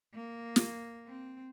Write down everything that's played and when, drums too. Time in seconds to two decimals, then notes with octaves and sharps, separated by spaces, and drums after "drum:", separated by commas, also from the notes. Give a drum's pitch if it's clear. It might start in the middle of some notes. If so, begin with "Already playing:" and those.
0.14 A#3
0.56 drum: snare
1.08 C4